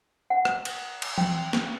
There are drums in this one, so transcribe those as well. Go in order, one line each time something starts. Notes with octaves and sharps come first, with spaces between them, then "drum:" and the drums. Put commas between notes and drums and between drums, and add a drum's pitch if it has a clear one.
F#5
drum: rim click
drum: cymbal
drum: cymbal
G5, drum: tom E3
drum: snare